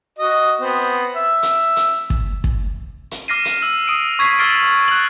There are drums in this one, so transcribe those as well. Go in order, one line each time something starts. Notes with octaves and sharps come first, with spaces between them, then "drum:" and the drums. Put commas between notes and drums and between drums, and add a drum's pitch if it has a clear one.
F#4 D#5
B3 C4
E5
drum: hi-hat
drum: hi-hat
drum: kick
drum: kick
drum: hi-hat
D6 F6 A#6 C7 D#7
drum: hi-hat
E6
D#6 D7 D#7
C#6 G#6 B6 C7 D#7
D6 E6 F6 A6 C7 D7
F#6 A6 F#7